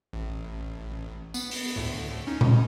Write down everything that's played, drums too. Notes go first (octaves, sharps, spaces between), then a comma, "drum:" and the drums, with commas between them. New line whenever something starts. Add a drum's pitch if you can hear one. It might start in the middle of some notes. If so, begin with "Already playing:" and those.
A1
B3, drum: tambourine
drum: open hi-hat
D2 A2
C#4 D#4
drum: tom A#2